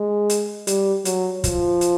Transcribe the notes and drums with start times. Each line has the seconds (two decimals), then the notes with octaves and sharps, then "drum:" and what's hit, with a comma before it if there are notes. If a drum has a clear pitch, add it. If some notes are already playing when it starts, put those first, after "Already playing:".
Already playing: G#3
0.30 drum: hi-hat
0.67 G3, drum: hi-hat
1.05 F#3, drum: hi-hat
1.44 F3, drum: kick, hi-hat
1.81 drum: hi-hat